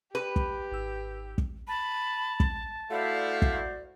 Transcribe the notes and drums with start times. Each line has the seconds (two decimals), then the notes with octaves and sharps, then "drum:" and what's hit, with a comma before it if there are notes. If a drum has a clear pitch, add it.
0.15 G4 B4
0.36 drum: kick
0.72 G#1 E6
1.38 drum: kick
1.68 A5 B5
2.40 drum: kick
2.91 A3 E4 F#4 C5 D5 F5
3.42 drum: kick